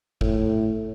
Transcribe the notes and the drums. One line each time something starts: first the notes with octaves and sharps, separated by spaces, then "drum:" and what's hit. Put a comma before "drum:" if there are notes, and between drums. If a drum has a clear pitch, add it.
A2, drum: kick